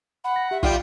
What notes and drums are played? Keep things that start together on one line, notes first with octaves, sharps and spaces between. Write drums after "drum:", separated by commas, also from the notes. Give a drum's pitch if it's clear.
F#5 B5
A#6
G4 E5
G3 F4 G5, drum: kick